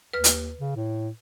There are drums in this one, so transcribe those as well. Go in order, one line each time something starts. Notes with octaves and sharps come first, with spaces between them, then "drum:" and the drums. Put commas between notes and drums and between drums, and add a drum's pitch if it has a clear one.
D#2 B4 F6
drum: hi-hat
C#3
A2